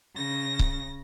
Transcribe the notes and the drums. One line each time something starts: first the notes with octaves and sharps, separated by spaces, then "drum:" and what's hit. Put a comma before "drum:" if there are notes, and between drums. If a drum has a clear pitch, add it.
C#3 A#6
drum: kick C#1